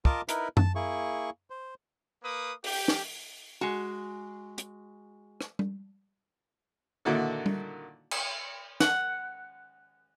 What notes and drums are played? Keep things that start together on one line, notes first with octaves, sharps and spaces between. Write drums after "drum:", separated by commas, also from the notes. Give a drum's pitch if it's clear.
F4 A#4 D#5 A5 D6, drum: kick
D#4 E4 A#4 B4, drum: hi-hat
A5, drum: tom F#2
A#3 E4 G#4 C#6
C5
A#3 B4 D#6
G4, drum: open hi-hat
drum: snare
G#3 F#4
drum: hi-hat
drum: rim click
drum: tom G3
A#2 D3 D#3 E4 F#4 A4
drum: tom G3
drum: cymbal
F#5, drum: snare